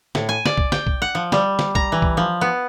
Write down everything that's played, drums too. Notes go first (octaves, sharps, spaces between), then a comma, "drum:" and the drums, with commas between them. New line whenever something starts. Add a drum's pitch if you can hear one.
A2, drum: snare
G#5
D5, drum: snare
drum: kick B1
G5, drum: snare
drum: kick B1
F#5
F3
G3, drum: snare
drum: snare
A#5, drum: kick B1
E3
drum: kick B1
F3
B3